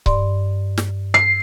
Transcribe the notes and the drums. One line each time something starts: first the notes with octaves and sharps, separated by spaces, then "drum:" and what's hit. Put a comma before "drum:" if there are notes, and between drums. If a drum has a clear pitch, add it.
G2 D5 C6, drum: kick C#1
drum: snare
C7